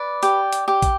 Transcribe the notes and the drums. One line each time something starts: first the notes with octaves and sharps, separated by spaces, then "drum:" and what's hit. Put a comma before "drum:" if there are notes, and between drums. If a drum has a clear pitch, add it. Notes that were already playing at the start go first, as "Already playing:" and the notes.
Already playing: B4 D5
G4, drum: hi-hat
drum: hi-hat
G4
drum: kick, hi-hat